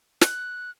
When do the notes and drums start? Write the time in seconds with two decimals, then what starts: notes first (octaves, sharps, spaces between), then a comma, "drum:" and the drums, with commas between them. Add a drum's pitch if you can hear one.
0.21 F#6, drum: snare